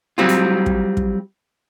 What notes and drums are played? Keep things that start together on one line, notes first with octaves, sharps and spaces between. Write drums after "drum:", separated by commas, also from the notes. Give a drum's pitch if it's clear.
F#3 G3 C4 F4
drum: hi-hat
drum: kick
drum: kick